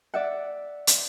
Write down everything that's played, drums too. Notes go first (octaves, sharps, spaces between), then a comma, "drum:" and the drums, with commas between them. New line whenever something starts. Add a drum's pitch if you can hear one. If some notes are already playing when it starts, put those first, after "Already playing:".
D5 E5 F#5
drum: hi-hat